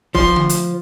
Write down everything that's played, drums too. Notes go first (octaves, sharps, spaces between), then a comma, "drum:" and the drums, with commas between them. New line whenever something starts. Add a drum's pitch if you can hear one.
F3 C6, drum: kick
drum: tom D3
drum: hi-hat